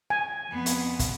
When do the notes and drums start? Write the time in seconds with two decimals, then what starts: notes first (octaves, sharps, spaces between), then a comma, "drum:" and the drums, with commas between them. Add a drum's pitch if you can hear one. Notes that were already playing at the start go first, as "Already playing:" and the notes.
0.10 G#5
0.49 F2 B3
0.66 drum: hi-hat
0.99 drum: kick, hi-hat